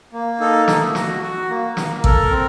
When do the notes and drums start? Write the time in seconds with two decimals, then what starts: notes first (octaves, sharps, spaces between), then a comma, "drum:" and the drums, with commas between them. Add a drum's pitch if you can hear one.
0.13 A#3
0.40 D#4 A4
0.68 A3, drum: snare
0.95 F#4, drum: snare
1.22 F#4
1.49 A#3
1.77 A#3, drum: snare
2.04 A4 A#4, drum: kick
2.31 C4